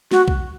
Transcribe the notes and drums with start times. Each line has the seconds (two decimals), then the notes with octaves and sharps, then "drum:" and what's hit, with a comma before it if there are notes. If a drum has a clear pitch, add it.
0.11 F#4, drum: snare
0.28 drum: kick B1